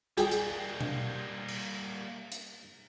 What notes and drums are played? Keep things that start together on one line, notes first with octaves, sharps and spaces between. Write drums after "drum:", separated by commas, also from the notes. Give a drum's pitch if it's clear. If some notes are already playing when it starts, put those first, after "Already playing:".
G3 A#3 G4 G#4, drum: hi-hat
drum: hi-hat
drum: tom B2
drum: cymbal
drum: hi-hat